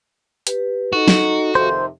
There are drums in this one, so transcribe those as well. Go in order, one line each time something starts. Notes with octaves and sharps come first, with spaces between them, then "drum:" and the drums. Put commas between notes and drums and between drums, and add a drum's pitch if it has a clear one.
G4 B4, drum: hi-hat
D#4 F#4 A4
drum: snare
F2 C3 D#3 C5